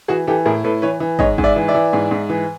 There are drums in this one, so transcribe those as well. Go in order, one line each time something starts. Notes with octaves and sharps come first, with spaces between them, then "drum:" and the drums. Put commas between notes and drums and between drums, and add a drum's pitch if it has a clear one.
E3 F#4 G#4
E3 G4 A4
A2 G#4 A#4
A2 A4 B4
E3 B4 C#5
E3
G#2 C#5 D#5, drum: kick
G#2, drum: kick
D5 E5
E3
D5 E5
E3
G#2
G#2
E3